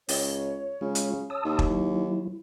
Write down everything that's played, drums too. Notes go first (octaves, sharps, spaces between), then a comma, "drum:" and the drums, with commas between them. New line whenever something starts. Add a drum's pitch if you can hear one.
C#2 C#5, drum: open hi-hat
C#3 G#3 F4
drum: hi-hat
C#5 A5 D#6 E6
D#2 D#4
drum: kick
F#3 E4